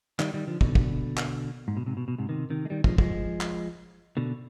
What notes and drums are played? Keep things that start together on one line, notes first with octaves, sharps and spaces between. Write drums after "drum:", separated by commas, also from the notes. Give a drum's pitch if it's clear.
D#3 G3, drum: clap
D#3 G3
D3 F3
B2 D3, drum: kick
drum: kick
drum: clap
G#2
B2
G#2 C3
B2
B2
G#2 C3
C3 D#3
C3 D#3
G#3
D#3 G3
F3 G#3, drum: kick
F3 G#3, drum: kick
drum: clap
B2 D3